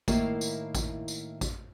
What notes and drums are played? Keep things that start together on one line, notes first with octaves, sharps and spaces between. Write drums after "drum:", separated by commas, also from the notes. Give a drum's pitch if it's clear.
A2 D#3 A#3 E4 F5, drum: kick A1, tambourine
drum: tambourine
drum: kick A1, tambourine
drum: tambourine
drum: kick A1, tambourine